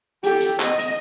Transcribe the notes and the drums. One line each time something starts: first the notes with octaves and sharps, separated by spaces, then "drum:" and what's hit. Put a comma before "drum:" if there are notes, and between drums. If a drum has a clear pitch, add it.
G4 A4, drum: hi-hat
drum: hi-hat
D#5, drum: clap
drum: hi-hat